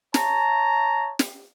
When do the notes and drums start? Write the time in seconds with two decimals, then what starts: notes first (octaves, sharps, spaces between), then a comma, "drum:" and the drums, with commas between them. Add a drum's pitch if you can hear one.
0.14 C#5 A5 A#5, drum: snare
1.19 drum: snare